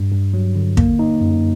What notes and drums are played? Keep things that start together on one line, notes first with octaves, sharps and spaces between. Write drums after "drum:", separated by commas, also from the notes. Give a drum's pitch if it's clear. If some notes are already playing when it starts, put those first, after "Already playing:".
Already playing: G2
G2
F#3
D3
A#3, drum: kick
D#4
F#2